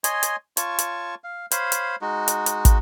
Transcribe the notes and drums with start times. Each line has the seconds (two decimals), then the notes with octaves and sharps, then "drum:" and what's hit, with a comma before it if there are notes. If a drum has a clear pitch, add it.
0.04 C#5 D#5 G#5 C6, drum: hi-hat
0.23 drum: hi-hat
0.57 F4 C#5 A5 C#6, drum: hi-hat
0.79 drum: hi-hat
1.24 F5
1.51 C5 C#5 F5 B5, drum: hi-hat
1.72 drum: hi-hat
2.01 G#3 D#4 F#4
2.28 drum: hi-hat
2.46 drum: hi-hat
2.65 drum: kick, hi-hat